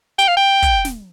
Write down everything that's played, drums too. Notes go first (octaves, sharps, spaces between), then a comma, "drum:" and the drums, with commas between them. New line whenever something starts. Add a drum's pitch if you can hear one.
G5, drum: hi-hat
F5
G5
drum: kick, hi-hat
drum: snare